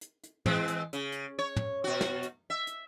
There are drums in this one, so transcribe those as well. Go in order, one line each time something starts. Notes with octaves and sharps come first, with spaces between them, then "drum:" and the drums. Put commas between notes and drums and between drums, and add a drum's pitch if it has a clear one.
drum: hi-hat
drum: hi-hat
E3 G#3 C4, drum: tom
drum: hi-hat
C#3, drum: hi-hat
drum: hi-hat
C#5
drum: tom
B2 F#4
drum: snare
drum: hi-hat
E5
drum: hi-hat